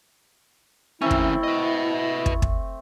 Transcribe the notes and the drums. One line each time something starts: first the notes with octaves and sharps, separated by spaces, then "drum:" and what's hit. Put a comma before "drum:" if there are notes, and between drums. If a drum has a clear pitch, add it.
D#3 A3 C4 C#4 E4
drum: kick
B4 D#5
drum: kick
drum: kick